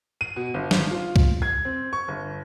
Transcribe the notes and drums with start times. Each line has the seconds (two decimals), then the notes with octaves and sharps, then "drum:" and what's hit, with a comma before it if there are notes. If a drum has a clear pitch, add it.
0.21 D#7
0.36 B2
0.54 G1
0.71 G#1, drum: snare
0.91 F4
1.16 drum: kick C2
1.42 G#6
1.65 C4
1.93 C#6
2.08 G1